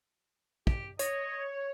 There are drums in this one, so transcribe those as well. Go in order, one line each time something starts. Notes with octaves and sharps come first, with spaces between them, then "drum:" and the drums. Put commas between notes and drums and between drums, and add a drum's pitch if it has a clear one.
G4, drum: kick
C#5 D#5, drum: hi-hat